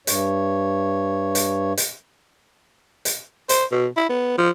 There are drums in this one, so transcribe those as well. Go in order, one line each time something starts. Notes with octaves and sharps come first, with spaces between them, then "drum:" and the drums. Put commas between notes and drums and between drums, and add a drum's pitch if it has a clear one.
G2 C#5, drum: hi-hat
drum: hi-hat
drum: hi-hat
drum: hi-hat
C5, drum: hi-hat
B2
E4
B3
F3